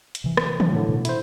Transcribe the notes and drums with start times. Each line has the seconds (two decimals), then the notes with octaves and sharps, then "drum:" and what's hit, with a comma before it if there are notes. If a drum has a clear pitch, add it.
0.15 drum: hi-hat
0.24 C3 E3
0.37 drum: rim click
0.60 drum: tom D#3
0.72 A2 D3
0.88 B2
1.05 E4 C5, drum: hi-hat